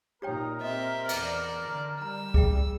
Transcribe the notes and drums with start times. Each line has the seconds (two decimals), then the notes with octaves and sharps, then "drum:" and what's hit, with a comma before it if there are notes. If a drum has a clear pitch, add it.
0.22 A#2 D#4 G4 A#4 C#5 G5
0.61 C4 G4 D#5 E5
1.09 E2 D5, drum: cymbal
1.63 D3
2.02 G3 A#5 E6
2.34 G#4 E5 G5, drum: kick C#2